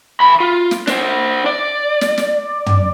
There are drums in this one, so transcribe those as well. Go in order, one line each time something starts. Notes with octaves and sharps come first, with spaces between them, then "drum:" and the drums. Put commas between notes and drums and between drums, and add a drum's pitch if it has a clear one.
D#3 B5
F4
drum: snare
D4 C5, drum: snare
D5
drum: snare
drum: snare
drum: tom